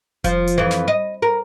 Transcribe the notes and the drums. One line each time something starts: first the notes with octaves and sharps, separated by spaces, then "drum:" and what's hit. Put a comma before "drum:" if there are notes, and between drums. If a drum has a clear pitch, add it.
F3, drum: kick F1, hi-hat
drum: hi-hat
F2 E3
drum: snare
D#5
A#4